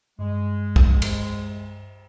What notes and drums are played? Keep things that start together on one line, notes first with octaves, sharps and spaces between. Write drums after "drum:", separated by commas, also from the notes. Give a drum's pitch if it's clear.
G2 G#3
drum: kick
drum: cymbal